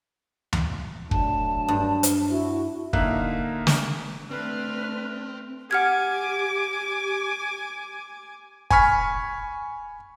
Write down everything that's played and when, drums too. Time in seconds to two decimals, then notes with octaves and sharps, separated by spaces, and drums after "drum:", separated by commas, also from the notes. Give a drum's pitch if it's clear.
0.53 drum: tom D2
1.11 F#3 A3 D4 A5, drum: kick
1.68 G2
2.03 drum: hi-hat
2.30 E4 F#4
2.93 D3 A#3 D#4 E5 F5 F#6, drum: kick
3.67 drum: snare
4.31 A3 C4 D4 B4 F6
5.71 G4 F#5 G#5 D6 F6 G#6
8.70 G#5 B5 C#6 F6 B6, drum: kick